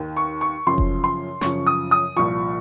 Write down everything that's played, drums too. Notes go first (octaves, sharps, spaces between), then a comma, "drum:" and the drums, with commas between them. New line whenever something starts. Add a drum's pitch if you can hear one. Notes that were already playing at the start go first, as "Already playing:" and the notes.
Already playing: D#2 D#3
C#6
C#6
F#2 C#3 F3 C6
drum: kick F1
C6
F#2 C#3 F3 C#6, drum: snare
D#6
D#6
C2 A#2 F3 C#6